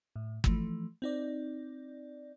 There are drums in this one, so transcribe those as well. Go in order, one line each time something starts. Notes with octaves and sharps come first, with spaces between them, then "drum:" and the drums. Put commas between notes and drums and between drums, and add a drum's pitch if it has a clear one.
A2
E3 F3 A3, drum: kick
C4 D#4 D5